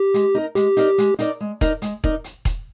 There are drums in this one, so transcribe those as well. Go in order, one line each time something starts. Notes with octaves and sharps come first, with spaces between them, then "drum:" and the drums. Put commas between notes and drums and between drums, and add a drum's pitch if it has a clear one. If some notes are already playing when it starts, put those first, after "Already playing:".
Already playing: G4
G#3, drum: hi-hat
D#4 A#4
G#3 G4, drum: hi-hat
D#4 A#4 D5, drum: hi-hat
G#3, drum: hi-hat
D#4 A#4 D5, drum: hi-hat
G#3
D#4 A#4 D5, drum: kick E1, hi-hat
G#3, drum: hi-hat
D#4 A#4 D5, drum: kick E1
drum: hi-hat
drum: kick E1, hi-hat